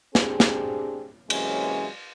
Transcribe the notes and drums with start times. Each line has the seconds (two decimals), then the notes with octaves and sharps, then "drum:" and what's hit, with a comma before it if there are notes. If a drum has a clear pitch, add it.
0.15 C4 D4 G4 G#4, drum: snare
0.40 drum: snare
1.30 C3 E3 F#3 G#3 A#3 C#4, drum: cymbal